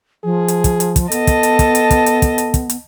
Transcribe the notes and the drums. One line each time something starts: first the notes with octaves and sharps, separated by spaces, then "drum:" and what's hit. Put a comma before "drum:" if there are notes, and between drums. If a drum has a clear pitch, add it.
F3 G#4
drum: hi-hat
drum: kick, hi-hat
drum: hi-hat
drum: kick, hi-hat
B3 A4 D#5 A5, drum: hi-hat
drum: kick, hi-hat
drum: hi-hat
drum: kick, hi-hat
drum: hi-hat
drum: kick, hi-hat
drum: hi-hat
drum: kick, hi-hat
drum: hi-hat
drum: kick, hi-hat
drum: hi-hat